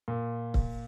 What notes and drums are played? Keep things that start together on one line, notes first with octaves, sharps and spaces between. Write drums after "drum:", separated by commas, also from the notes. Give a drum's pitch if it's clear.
A#2
drum: kick C#1